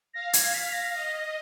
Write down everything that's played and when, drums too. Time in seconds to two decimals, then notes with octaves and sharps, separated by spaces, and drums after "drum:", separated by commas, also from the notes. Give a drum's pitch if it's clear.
0.14 F5 A#6
0.33 G#6, drum: hi-hat
0.54 B6
0.72 A#6
0.93 D#5